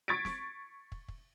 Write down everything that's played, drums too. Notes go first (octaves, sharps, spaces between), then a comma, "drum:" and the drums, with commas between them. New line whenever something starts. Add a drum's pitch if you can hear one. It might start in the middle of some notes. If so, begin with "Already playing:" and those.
C#6 G#6 A6 B6 D7
drum: snare
drum: kick
drum: kick